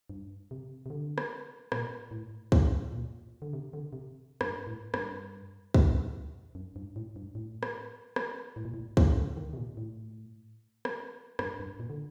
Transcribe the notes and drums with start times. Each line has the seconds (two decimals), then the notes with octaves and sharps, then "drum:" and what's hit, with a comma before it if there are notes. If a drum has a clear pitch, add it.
0.10 G2
0.51 C3
0.86 C3
0.90 D3
1.18 drum: rim click
1.72 A#2, drum: rim click
2.11 A2
2.52 A2, drum: kick
2.92 A#2
3.42 D3
3.53 C3
3.73 D3
3.93 C3
4.41 G2, drum: rim click
4.67 A2
4.94 G2, drum: rim click
5.74 drum: kick
6.55 F#2
6.76 G2
6.96 A2
7.16 G2
7.35 A2
7.63 drum: rim click
8.16 drum: rim click
8.56 A2
8.65 A#2
8.74 A2
8.97 A#2, drum: kick
9.17 D3
9.37 D#3
9.53 C3
9.57 A#2
9.77 A2
10.85 drum: rim click
11.39 G2, drum: rim click
11.60 G2
11.80 A#2
11.89 D3